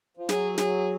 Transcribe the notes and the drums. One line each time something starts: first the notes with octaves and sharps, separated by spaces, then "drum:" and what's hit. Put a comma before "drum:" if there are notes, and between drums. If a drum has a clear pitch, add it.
F3
F#3 G#4, drum: snare
G#4, drum: snare